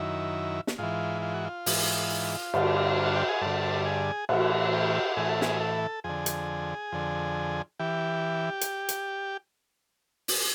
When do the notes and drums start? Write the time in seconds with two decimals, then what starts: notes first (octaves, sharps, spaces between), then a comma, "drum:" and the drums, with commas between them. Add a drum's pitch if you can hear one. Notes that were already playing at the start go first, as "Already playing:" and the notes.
Already playing: F#2 D#3 E4
0.67 drum: snare
0.78 G#2 E3 F4
1.22 F4
1.34 F#4
1.44 F4
1.66 G#2 E3, drum: open hi-hat
2.54 G2 D3, drum: cymbal
3.03 F#4
3.16 G4
3.29 G#4
3.41 G2 D3 A4
3.85 G#4
4.29 A2 E3 F#4, drum: cymbal
4.73 G4
5.17 A2 E3 G#4
5.29 A4
5.41 G#4, drum: snare
5.60 A4
6.04 F2 D3 G#4
6.26 drum: hi-hat
6.92 F2 D3
7.79 E3 G4
8.61 drum: hi-hat
8.89 drum: hi-hat
10.28 drum: open hi-hat